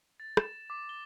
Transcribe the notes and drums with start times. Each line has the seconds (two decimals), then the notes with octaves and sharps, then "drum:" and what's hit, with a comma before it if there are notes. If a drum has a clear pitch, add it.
0.20 A6
0.37 E7, drum: rim click
0.70 D6
0.89 G7